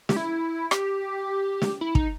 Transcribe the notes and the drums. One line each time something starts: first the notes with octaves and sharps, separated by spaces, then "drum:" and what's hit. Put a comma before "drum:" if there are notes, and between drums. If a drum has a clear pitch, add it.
G4, drum: snare
E4
G4, drum: rim click
drum: snare
E4
D#4, drum: kick